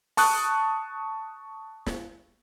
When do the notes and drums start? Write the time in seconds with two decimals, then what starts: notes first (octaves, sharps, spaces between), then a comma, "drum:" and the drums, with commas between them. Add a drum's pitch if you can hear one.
0.17 A5 C#6 D#6 F#6, drum: open hi-hat
1.86 drum: snare